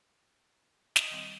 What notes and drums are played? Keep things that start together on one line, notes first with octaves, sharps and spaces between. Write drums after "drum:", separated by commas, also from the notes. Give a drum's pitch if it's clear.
D#5, drum: snare
D#3 G3 C4